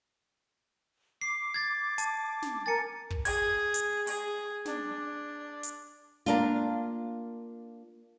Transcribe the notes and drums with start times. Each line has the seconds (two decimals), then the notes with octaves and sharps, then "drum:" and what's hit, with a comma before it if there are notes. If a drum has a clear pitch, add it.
1.21 D6 C7
1.54 G#6 A6
1.98 A5, drum: hi-hat
2.42 drum: snare
2.66 A#4 G#5 A6 C#7
3.10 drum: kick
3.25 G#4 G#6, drum: open hi-hat
3.74 drum: hi-hat
4.07 G#4, drum: open hi-hat
4.65 D4, drum: snare
5.63 drum: hi-hat
6.26 A#3 D4 F4